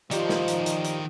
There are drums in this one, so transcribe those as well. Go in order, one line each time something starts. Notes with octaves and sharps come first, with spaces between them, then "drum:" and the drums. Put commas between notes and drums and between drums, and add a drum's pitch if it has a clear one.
D#3 F3 D#4 F4 G4 C5 D5, drum: hi-hat
drum: snare
drum: hi-hat
drum: hi-hat
drum: hi-hat